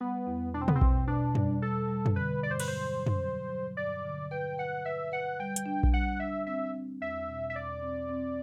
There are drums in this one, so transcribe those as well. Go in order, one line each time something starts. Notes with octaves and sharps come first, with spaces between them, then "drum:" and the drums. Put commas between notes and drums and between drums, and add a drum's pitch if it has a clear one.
G3 B3
E2
B2 D4
C4
B3, drum: tom
C4
B2, drum: kick A#1
B2 D4
G3, drum: tom
G3 A4
G3
drum: tom
D3 B4
G2 D5
C5
B4, drum: cymbal
F#3 C5
F#3
drum: tom
F#3
F#3
G2 D5
D3
B4 G5
B4 F#5
B4 E5
B4 F#5
G3 G5
drum: hi-hat
D4
drum: kick A#1
G3 F#5
D4 E5
C4 E5
C4
E2 E5
B2
E5
E2 D5
C4
C4